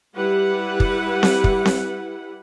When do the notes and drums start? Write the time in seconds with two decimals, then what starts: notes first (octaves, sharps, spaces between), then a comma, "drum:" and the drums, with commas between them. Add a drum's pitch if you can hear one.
0.16 G3 E4 G4 B4 F#5
0.80 drum: kick
1.23 drum: snare C4
1.44 drum: kick
1.65 drum: snare C4